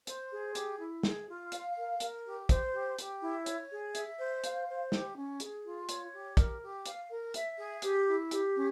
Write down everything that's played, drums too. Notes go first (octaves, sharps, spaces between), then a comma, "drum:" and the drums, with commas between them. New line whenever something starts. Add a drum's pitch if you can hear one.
C5, drum: hi-hat
G#4
G4, drum: hi-hat
E4
G#4, drum: snare
F4
F5, drum: hi-hat
A#4
A#4, drum: hi-hat
G4
C5, drum: kick, hi-hat
G4
G4, drum: hi-hat
E4
C#5, drum: hi-hat
G#4
E5, drum: hi-hat
C5
F5, drum: hi-hat
C5
G4, drum: snare
C#4
G#4, drum: hi-hat
F4
C#5, drum: hi-hat
G4
A#4, drum: kick, hi-hat
G4
F5, drum: hi-hat
A#4
E5, drum: hi-hat
G#4
G4, drum: hi-hat
E4
G4, drum: hi-hat
C#4